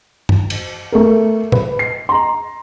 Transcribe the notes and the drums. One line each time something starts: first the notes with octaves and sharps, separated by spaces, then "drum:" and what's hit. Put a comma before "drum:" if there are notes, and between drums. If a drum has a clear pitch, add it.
drum: tom
drum: cymbal
A3 A4 A#4
B4, drum: tom
C7
A#5 C6